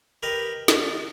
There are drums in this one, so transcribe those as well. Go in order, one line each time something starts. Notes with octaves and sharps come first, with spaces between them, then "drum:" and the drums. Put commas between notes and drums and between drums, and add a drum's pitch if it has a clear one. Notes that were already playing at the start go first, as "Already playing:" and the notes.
G4 A#4 B4 D#5
D4, drum: snare